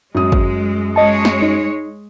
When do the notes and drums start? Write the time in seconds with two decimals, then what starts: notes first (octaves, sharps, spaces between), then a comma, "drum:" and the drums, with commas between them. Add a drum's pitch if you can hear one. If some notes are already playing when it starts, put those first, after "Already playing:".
0.15 F#2 G#3 D#6
0.32 drum: kick
0.96 G#3 C#5 D#5 A5
1.25 drum: snare
1.42 D#4